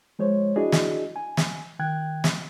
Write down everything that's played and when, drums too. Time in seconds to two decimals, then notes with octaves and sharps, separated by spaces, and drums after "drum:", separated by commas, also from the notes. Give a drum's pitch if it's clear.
0.19 F3 G#3 C5 C#5
0.56 D4 E4 F#4 G#4 D5 D#5
0.72 drum: snare
1.16 G#5
1.37 drum: snare
1.79 D#3 G5 F#6 G#6
2.24 drum: snare